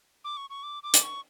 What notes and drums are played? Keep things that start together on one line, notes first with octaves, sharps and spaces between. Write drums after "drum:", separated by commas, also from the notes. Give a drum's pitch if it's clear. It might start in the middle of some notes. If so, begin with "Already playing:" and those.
D6
C#6
C#6
D6
D6
drum: hi-hat
C#6